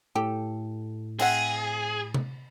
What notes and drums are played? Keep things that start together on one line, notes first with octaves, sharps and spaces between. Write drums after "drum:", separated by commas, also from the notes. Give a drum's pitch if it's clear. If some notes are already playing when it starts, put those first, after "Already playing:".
A2 G4 A4
C4 G#4 E5 F#5, drum: cymbal
drum: tom C3